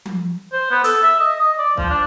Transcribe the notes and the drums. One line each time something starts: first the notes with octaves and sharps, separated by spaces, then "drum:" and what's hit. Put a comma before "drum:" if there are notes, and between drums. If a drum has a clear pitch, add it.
drum: tom F3
C5
B3
A4, drum: hi-hat
E5
D#5
D#5
D5
F3, drum: kick
D4